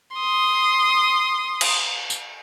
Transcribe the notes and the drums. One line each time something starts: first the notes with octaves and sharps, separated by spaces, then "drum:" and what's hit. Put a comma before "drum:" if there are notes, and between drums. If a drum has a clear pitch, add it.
C6 D#6
drum: cymbal
drum: tambourine